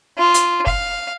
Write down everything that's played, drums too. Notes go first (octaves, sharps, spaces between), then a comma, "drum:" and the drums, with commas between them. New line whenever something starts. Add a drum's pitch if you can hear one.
F4
drum: hi-hat
F5, drum: kick